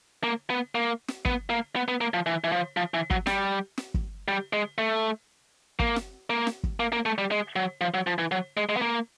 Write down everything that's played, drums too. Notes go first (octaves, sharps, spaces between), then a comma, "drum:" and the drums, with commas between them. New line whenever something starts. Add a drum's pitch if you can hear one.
A#3
B3
A#3
drum: snare
B3, drum: kick
A#3
B3
B3
A#3
F3
E3
E3
F3
F3
E3
F#3, drum: kick
G3, drum: snare
drum: snare
drum: kick
G3
G#3
A3
A#3, drum: kick
drum: snare
A#3
drum: snare
drum: kick
A#3
A#3
A3
G3
G#3
F#3
F3
F#3
F3
E3
F#3
G#3
G#3
B3
A#3